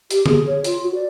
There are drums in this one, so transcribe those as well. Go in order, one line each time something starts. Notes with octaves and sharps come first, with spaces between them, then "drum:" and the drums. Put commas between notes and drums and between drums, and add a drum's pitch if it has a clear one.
G4, drum: hi-hat
G#4, drum: tom
C#5
F4, drum: hi-hat
F#4
D5